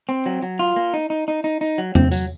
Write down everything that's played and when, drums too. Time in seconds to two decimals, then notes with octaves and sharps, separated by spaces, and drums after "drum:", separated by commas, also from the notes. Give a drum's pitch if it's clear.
0.09 C4
0.26 F#3
0.43 F#3
0.59 F4
0.76 A#3
0.94 D#4
1.10 D#4
1.28 D#4
1.44 D#4
1.61 D#4
1.78 F#3
1.95 C4, drum: tom
2.12 F#3, drum: tambourine